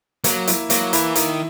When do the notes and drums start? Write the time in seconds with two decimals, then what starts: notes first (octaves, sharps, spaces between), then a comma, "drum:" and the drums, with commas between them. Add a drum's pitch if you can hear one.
0.24 F#3 A#3, drum: hi-hat
0.47 E4, drum: hi-hat
0.70 F#3 A#3, drum: hi-hat
0.93 E3 E4, drum: hi-hat
1.15 D#3 E4, drum: hi-hat